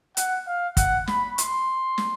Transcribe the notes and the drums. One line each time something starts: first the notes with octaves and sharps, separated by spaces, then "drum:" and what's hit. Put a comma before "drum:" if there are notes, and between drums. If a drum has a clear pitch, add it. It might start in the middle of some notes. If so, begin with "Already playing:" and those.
F#5, drum: hi-hat
F5
F#5, drum: kick, hi-hat
B5, drum: snare
C6, drum: hi-hat
drum: snare